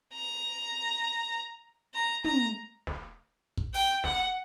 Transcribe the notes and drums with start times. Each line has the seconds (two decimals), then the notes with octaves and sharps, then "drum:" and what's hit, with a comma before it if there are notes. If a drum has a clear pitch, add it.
0.13 A#5
1.94 A#5
2.24 A#5, drum: tom
2.87 drum: snare
3.57 drum: kick
3.74 G5, drum: open hi-hat
4.04 F#5, drum: snare